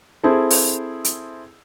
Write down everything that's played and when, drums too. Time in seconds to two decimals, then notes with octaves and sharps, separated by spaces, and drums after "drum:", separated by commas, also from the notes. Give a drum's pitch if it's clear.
0.23 C4 E4 G#4 A4
0.50 drum: open hi-hat
1.04 drum: hi-hat